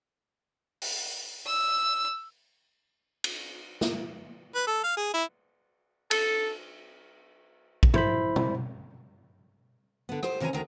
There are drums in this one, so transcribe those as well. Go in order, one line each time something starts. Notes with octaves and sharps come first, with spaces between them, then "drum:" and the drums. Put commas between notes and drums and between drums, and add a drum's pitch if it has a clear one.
drum: open hi-hat
E6
drum: cymbal
drum: snare
B4
A4
F5
G#4
E4
A4, drum: cymbal
drum: kick A#1
E4 C5 B5, drum: tom G2
drum: tom
D3 B3
G4 C5, drum: rim click
C3 D#3 E3 C#4 G#5 A#5
D2 D3 D#3 A#5